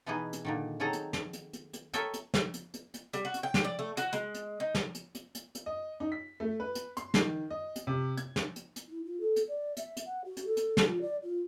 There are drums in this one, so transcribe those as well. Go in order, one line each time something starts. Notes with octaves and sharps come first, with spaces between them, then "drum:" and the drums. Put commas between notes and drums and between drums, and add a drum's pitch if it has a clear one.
B2 E3 B3 D#4 G#4
drum: hi-hat
A#2 D3 D#3
D#3 F#3 C4 G#4 A4 A#5
drum: hi-hat
drum: snare
drum: hi-hat
drum: hi-hat
drum: hi-hat
A4 A#4 C#5 D#5 E5 G5, drum: hi-hat
drum: hi-hat
drum: snare
drum: hi-hat
drum: hi-hat
drum: hi-hat
G3, drum: hi-hat
F#4
drum: hi-hat
G5
drum: snare
D5
A3
F#4, drum: hi-hat
G#3, drum: hi-hat
drum: hi-hat
D#4
drum: snare
drum: hi-hat
drum: hi-hat
drum: hi-hat
drum: hi-hat
D#5
D#4
B6
A3
B4
drum: hi-hat
C6, drum: hi-hat
D#3, drum: snare
D#5
drum: hi-hat
C3
G#6, drum: hi-hat
drum: snare
drum: hi-hat
drum: hi-hat
E4
F4
A4
drum: hi-hat
D5
E5, drum: hi-hat
drum: hi-hat
F#5
F#4
drum: hi-hat
A4
drum: hi-hat
drum: snare
F4
D5
F4